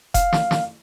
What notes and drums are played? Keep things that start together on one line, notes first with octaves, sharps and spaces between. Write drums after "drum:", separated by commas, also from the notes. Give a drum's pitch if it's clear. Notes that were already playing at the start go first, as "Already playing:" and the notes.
F5, drum: kick F1, hi-hat
drum: snare
drum: snare